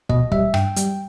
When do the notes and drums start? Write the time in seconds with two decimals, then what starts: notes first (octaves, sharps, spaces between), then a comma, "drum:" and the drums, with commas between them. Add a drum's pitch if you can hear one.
0.09 B2 D#5, drum: kick
0.32 G3 E5, drum: kick
0.54 G2 G5, drum: rim click
0.76 G3, drum: hi-hat